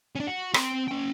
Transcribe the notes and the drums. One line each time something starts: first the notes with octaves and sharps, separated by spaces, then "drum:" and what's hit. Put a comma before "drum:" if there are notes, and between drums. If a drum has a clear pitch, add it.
C#4 D4
F#4
C4 C6, drum: rim click
C#4 G5